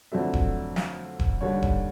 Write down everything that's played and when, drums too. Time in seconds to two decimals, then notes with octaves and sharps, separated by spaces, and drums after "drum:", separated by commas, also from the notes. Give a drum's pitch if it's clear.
0.12 F2 D3 F#3 A3 D4 E5
0.33 drum: kick D#1
0.76 F5, drum: snare
1.19 drum: kick D#1
1.41 D#2 D3 G3 C#5
1.62 drum: kick D#1